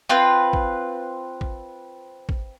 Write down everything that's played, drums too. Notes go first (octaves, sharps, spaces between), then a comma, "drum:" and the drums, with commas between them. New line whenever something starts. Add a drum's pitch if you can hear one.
C4 F4 B4
drum: kick A1
drum: kick A1
drum: kick A1